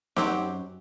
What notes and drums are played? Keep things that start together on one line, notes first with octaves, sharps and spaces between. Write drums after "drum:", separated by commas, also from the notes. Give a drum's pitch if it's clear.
F#2 F#3 C4 G4, drum: snare